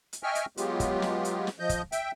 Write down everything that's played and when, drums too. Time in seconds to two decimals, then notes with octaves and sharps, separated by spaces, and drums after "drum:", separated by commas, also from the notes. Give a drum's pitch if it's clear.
0.13 drum: hi-hat
0.23 D#5 E5 G5 G#5 C#6 F6
0.35 drum: hi-hat
0.57 F#3 G#3 B3 F4 G4, drum: hi-hat
0.80 drum: kick, hi-hat
1.02 drum: snare
1.25 drum: hi-hat
1.47 drum: snare
1.59 F3 D#5 G6
1.69 drum: kick, hi-hat
1.92 E5 G5, drum: hi-hat